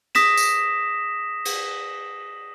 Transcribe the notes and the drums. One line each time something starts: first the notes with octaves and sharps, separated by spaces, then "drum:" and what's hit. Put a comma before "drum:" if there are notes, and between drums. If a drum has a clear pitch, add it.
D#6 A#6 B6 E7, drum: cymbal
drum: tambourine
drum: cymbal